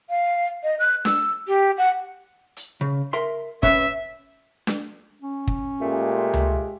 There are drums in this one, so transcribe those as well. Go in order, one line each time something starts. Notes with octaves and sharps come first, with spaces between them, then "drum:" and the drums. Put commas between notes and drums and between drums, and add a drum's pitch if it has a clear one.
F5
D#5
F#6
E6, drum: snare D4
G4
F#5
drum: hi-hat
C#3
A#4 E5 C6
C#4 B4 C#5 E5, drum: kick
drum: snare D4
C#4
drum: kick
A#2 G#3 A3 F4 G4
drum: tom C#2